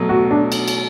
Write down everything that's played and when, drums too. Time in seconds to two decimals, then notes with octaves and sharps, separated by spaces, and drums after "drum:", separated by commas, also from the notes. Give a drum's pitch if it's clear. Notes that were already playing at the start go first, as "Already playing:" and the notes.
Already playing: B2 F#3 A3
0.09 F#4
0.31 D4
0.52 drum: cymbal
0.68 drum: cymbal